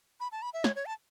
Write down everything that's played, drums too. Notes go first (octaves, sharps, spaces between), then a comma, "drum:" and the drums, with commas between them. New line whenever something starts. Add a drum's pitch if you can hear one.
B5
A5
B5
E5
C#5, drum: snare
C#5
A5